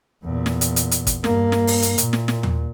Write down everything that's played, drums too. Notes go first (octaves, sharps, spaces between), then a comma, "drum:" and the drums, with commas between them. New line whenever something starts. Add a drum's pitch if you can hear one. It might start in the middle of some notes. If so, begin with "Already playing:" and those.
E2 A#2
drum: snare
drum: hi-hat
drum: hi-hat
drum: hi-hat
drum: kick, hi-hat
G2 A#3, drum: snare
drum: snare
drum: open hi-hat
drum: hi-hat
A#2, drum: hi-hat
drum: snare
drum: snare
drum: tom D#2